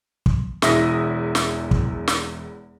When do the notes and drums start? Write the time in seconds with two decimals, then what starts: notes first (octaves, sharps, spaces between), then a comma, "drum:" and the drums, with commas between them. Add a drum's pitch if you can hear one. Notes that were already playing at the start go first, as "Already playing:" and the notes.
0.26 drum: kick
0.62 E1 E2 E4 E5 D#6 A#6, drum: snare
1.35 drum: snare
1.71 drum: kick
2.08 drum: snare